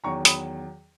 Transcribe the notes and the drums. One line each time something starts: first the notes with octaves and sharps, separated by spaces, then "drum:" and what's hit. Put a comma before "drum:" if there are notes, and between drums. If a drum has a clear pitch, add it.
E2 D#3 F#3 A#5 C#6
B5 D#6, drum: hi-hat